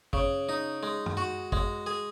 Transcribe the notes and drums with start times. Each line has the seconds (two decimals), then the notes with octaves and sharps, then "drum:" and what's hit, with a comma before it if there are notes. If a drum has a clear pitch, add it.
0.13 C#3, drum: kick
0.49 D#4
0.83 G#3
1.06 drum: tom G2
1.17 F#4
1.52 G#3, drum: kick
1.86 G#4